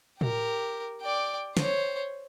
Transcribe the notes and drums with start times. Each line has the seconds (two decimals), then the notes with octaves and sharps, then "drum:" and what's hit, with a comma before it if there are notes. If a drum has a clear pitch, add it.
0.21 G4 A#4, drum: tom A2
1.02 D5 G5
1.57 C5 C#5, drum: snare